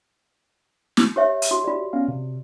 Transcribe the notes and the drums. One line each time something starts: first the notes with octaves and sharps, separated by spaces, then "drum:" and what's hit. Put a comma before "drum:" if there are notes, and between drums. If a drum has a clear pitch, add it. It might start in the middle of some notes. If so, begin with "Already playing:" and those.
drum: snare
G4 C#5 E5
drum: hi-hat
F#4 C6
F4 G4 D5
B3 C#4 F5
C3